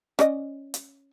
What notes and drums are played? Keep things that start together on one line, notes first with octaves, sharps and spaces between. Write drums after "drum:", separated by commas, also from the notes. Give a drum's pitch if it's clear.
C#4 D5 D#5, drum: rim click
drum: hi-hat